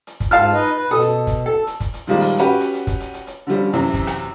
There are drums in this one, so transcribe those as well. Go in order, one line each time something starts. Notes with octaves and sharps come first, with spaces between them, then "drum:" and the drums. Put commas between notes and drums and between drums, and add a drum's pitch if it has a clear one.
drum: hi-hat
drum: kick, hi-hat
G#2 F4 F5 A5 F6, drum: hi-hat
D#4 B4 D#5
B4
B2 A4 D#6
drum: hi-hat
drum: kick, hi-hat
A4
drum: hi-hat
drum: kick, hi-hat
drum: hi-hat
A#2 D#3 F3 G3 G#3 A#3
drum: open hi-hat
C#4 F#4 G4 B4 F#5
drum: hi-hat
drum: hi-hat
drum: kick, hi-hat
drum: hi-hat
drum: hi-hat
drum: hi-hat
D3 F3 G3 C#4
F#2 A2 C3 E3
drum: kick, hi-hat
drum: rim click